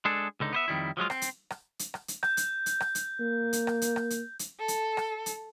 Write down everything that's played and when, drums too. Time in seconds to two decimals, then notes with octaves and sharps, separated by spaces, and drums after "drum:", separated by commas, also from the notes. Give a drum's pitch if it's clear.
0.05 G#3 D4 G#4 A4
0.40 C#2 D3 D#4
0.53 B3 C5 E5
0.68 F2 D#3 G3 E4
0.97 F3 F#3 G#3 F4
1.10 C4, drum: rim click
1.22 drum: hi-hat
1.50 drum: rim click
1.79 drum: hi-hat
1.94 drum: rim click
2.08 drum: hi-hat
2.23 G6, drum: rim click
2.37 drum: hi-hat
2.66 drum: hi-hat
2.80 drum: rim click
2.95 drum: hi-hat
3.20 A#3
3.53 drum: hi-hat
3.67 drum: rim click
3.82 drum: hi-hat
3.96 drum: rim click
4.10 drum: hi-hat
4.39 drum: hi-hat
4.59 A4
4.68 drum: hi-hat
4.97 drum: rim click
5.26 drum: hi-hat